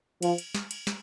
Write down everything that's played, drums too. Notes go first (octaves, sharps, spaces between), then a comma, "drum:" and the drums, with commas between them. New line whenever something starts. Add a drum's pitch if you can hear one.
F3, drum: cymbal
drum: cymbal
drum: snare
drum: cymbal
drum: snare